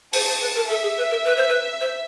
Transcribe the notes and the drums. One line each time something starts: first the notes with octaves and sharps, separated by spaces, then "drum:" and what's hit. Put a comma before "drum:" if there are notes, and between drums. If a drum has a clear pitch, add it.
C5 A5, drum: open hi-hat
C5
B4
A#4
A4 E5
G#4
B4
A#4
B4
C5
B4
C5